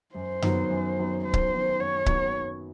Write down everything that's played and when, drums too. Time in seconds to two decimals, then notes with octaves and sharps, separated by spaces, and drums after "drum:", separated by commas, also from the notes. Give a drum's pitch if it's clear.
0.15 F#2 C5
0.42 D#3 F#3 B3, drum: tom F#2
0.70 F#2
0.97 D#3 F#3 B3
1.24 F#2 C5
1.33 drum: kick C#1
1.52 D#3 F#3 B3
1.79 F#2 C#5
2.06 D#3 F#3 B3, drum: kick C#1